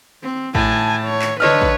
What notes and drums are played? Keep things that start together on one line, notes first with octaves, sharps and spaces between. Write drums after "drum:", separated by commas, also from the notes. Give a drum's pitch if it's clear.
C4
A2 G#5 A5, drum: kick
C#5
drum: clap
D3 B4 C#5 D#5 F6
drum: kick